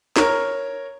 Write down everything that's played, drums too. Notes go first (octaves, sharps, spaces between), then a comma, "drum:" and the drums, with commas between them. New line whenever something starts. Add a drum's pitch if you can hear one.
A#4 C#5 A#5, drum: snare